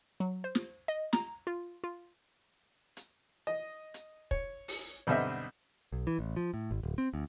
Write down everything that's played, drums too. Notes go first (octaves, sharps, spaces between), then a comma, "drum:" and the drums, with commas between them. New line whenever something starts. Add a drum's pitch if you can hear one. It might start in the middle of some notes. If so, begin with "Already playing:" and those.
F#3
C5
drum: snare
D#5
A#5, drum: snare
F4
F4
drum: hi-hat
D#5
drum: hi-hat
C#5, drum: kick
drum: open hi-hat
B1 G2 D3 C4 D#5 E5
B1
E3
A1
F3
A2
G#1
D1
C4
D2